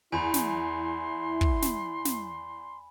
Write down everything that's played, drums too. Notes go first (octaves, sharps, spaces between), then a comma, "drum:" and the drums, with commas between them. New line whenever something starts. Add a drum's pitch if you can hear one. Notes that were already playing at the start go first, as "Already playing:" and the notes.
E2 E4 G#5 B5 C6
drum: snare
drum: kick
drum: snare
drum: snare